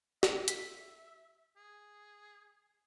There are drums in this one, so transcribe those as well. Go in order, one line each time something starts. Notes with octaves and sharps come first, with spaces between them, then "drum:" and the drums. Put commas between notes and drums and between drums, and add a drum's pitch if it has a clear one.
E5, drum: snare
B6, drum: hi-hat
G#4